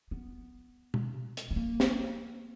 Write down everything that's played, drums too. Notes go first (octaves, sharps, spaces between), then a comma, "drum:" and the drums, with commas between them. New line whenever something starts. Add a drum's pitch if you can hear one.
B3
drum: tom B2
drum: hi-hat
B3
A#3
drum: snare